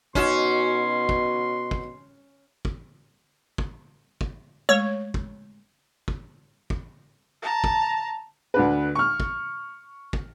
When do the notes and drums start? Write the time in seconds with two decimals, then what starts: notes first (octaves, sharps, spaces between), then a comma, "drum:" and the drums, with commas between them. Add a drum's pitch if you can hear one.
0.15 B2 C#4 D#4 F#4 C6 E7, drum: kick
1.09 drum: kick
1.71 drum: kick
2.65 drum: kick
3.58 drum: kick
4.21 drum: kick
4.69 G#3 A3 C#5
5.14 drum: kick
6.08 drum: kick
6.70 drum: kick
7.42 A5 A#5
7.64 drum: kick
8.54 D2 D4 B4
8.95 C#6 F6
9.20 drum: kick
10.13 drum: kick